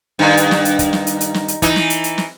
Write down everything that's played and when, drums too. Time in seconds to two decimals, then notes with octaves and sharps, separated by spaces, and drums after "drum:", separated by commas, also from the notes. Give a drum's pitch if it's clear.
0.19 G2 D#3
0.37 drum: hi-hat
0.51 drum: snare
0.65 drum: hi-hat
0.79 drum: kick, hi-hat
0.93 drum: snare
1.07 drum: hi-hat
1.21 drum: hi-hat
1.34 drum: snare
1.48 drum: hi-hat
1.62 E3 D#4, drum: kick, hi-hat
1.76 drum: snare
1.90 drum: hi-hat
2.04 drum: hi-hat
2.18 drum: snare